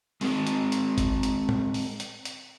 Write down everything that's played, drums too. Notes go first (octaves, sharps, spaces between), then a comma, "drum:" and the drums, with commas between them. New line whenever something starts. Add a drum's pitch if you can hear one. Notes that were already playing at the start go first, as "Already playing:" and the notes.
G#3 C4 D#4 G4 G#4 A#4, drum: open hi-hat
drum: hi-hat
drum: hi-hat
drum: kick G1, hi-hat
drum: hi-hat
drum: tom
drum: open hi-hat
drum: hi-hat
drum: hi-hat